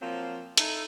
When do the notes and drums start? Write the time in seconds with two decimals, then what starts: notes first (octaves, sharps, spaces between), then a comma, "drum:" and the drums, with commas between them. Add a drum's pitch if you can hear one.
0.02 F3 F#3 A#3 C4
0.57 D#4 E4 A4, drum: hi-hat